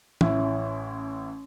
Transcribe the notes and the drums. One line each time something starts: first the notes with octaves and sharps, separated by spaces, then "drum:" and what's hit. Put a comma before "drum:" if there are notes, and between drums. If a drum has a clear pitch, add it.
A1 C#4 E4, drum: tom E3